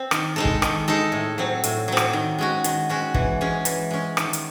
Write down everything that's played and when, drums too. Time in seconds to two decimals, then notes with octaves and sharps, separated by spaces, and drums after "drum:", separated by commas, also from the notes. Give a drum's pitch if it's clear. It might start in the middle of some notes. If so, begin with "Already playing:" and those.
Already playing: C4
0.11 D#3, drum: rim click
0.36 G#3 D#4 A4
0.45 drum: kick
0.62 D#3, drum: rim click
0.88 G#3 D#4 A4
1.12 A2
1.38 F#3 C4
1.64 A2, drum: hi-hat
1.88 F#3 C4
1.97 drum: rim click
2.13 D#3
2.39 G#3 C#4 F#4
2.64 D#3, drum: hi-hat
2.89 G#3 C#4 F#4
3.14 E3, drum: kick
3.41 G#3 C#4
3.65 E3, drum: hi-hat
3.91 G#3 C#4
4.17 D#3, drum: rim click
4.33 drum: hi-hat